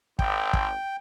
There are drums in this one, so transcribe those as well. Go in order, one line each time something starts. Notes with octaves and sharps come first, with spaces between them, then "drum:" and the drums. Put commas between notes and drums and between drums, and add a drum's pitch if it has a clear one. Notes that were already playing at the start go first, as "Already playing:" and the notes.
G#1 G5, drum: kick
drum: kick